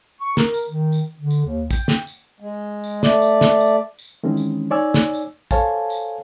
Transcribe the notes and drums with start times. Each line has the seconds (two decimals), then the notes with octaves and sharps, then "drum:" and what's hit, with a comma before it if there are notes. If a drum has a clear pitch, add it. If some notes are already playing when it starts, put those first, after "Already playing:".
0.21 C#6
0.37 A#4, drum: snare
0.54 drum: tambourine
0.69 D#3
0.92 drum: tambourine
1.20 D3
1.31 drum: tambourine
1.45 D#2
1.71 G5, drum: kick, tambourine
1.88 drum: snare
2.07 drum: tambourine
2.40 G#3
2.84 drum: tambourine
3.03 A3 D5, drum: snare
3.22 drum: tambourine
3.41 drum: snare
3.60 drum: tambourine
3.99 drum: tambourine
4.24 D#3 E3 G#3 C4 C#4
4.37 drum: tambourine
4.71 D#4 C#5 D5 G#5 E6
4.94 drum: snare
5.13 drum: tambourine
5.51 A4 C5 C#5 F5 G#5 A5, drum: kick, tambourine
5.90 drum: tambourine